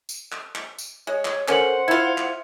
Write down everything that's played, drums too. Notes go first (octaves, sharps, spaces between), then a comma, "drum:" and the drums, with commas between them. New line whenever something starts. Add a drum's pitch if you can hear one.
drum: tambourine
drum: clap
drum: clap
drum: tambourine
G#3 C#5
drum: clap
C#4 A4 A#4 C5 F#5 F#7, drum: clap
E4 F4 G#6
drum: clap